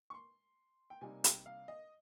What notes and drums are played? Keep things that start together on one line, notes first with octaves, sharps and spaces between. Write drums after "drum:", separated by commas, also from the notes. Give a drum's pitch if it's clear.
C#6
C6
G5
C3 G3 A#3 D#4 G#5
G5, drum: hi-hat
F5
D#5